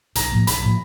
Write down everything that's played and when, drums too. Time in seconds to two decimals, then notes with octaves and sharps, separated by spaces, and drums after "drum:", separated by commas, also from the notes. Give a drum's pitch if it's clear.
0.15 B1 A#5, drum: hi-hat
0.32 A2 F3 A#3
0.47 B1 B5, drum: hi-hat
0.62 A2 F3 A#3